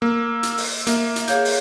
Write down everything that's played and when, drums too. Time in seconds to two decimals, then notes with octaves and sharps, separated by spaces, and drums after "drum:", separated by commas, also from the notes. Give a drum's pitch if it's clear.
0.02 A#3 E6
0.43 drum: hi-hat
0.58 drum: open hi-hat
0.87 A#3 E5, drum: hi-hat
1.16 drum: hi-hat
1.28 G#4 C#5 F5 G6, drum: hi-hat
1.45 drum: open hi-hat